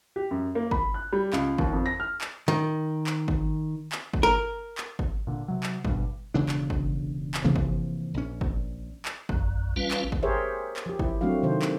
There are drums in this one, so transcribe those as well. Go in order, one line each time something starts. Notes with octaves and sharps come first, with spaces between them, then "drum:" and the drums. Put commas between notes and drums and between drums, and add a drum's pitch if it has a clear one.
G4
F#2
A#3
B5, drum: kick
F#6
G3
C#2, drum: clap
D#2, drum: kick
F2
A#6
F6
drum: clap
D#3
drum: clap
drum: kick
drum: clap
drum: kick
A#4
drum: clap
drum: kick
A#2 D3
C3 F#3
drum: clap
G2 B2, drum: kick
E1 D2 C#3 D4
drum: clap
drum: kick
drum: clap
C3 E3 F3 A#3
drum: kick
A#1 C#4
drum: kick
drum: clap
A#1 F#2, drum: kick
A1 G3 C#4 F4 B4 F5
drum: clap
drum: kick
G4 G#4 A#4 C5 C#5 E5
drum: clap
F3 G4
E4, drum: kick
F#3 A3 C4 D4 F#4 F5
C3 D#3 C5
drum: clap